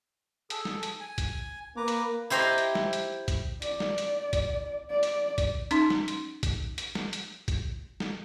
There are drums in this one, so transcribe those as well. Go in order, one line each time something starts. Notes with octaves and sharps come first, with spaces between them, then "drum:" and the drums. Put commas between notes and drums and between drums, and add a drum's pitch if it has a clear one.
G#4 A4, drum: hi-hat
drum: snare
drum: hi-hat
G#5
drum: kick B1, hi-hat
A#3 B4 A#5 D6
drum: hi-hat
E4 G4 C5 D#5 A#5
drum: hi-hat
drum: snare
drum: hi-hat
drum: kick B1, hi-hat
D5, drum: hi-hat
drum: snare
drum: hi-hat
drum: kick B1, hi-hat
D5
drum: hi-hat
drum: kick B1, hi-hat
C#4 D#4 C6, drum: hi-hat
drum: snare
drum: hi-hat
drum: kick B1, hi-hat
drum: hi-hat
drum: snare
drum: hi-hat
drum: kick B1, hi-hat
drum: snare